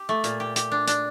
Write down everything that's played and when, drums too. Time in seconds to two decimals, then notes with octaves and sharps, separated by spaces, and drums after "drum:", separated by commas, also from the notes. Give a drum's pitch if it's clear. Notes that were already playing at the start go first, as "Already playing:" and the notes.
Already playing: G4
0.09 A3
0.24 A#2, drum: hi-hat
0.40 G4
0.56 G4, drum: hi-hat
0.71 D4
0.87 D4, drum: hi-hat